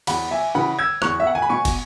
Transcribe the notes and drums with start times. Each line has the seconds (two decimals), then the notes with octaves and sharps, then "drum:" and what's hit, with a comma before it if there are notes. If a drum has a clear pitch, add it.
0.07 E2 F#5 B5, drum: cymbal
0.31 E5 G#5
0.55 C#3 E3 F#5 B5
0.78 E6 G#6
1.02 E2 C#6 F#6, drum: rim click
1.20 E5
1.27 F#5
1.35 G#5
1.42 B5
1.49 B2 G#5 C#6
1.65 drum: kick, cymbal